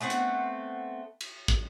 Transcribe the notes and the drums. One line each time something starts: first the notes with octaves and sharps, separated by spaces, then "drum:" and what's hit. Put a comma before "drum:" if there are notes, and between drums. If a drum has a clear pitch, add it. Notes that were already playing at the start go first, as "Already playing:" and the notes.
A3 B3 C4 F#5
drum: hi-hat
drum: cymbal
drum: kick